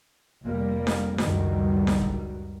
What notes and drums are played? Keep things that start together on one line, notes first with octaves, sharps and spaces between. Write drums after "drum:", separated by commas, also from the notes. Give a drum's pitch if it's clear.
F1 G3 A#3
drum: snare D4
C#2 F#2 D#3 F#3 G3, drum: snare D4
drum: snare D4
drum: kick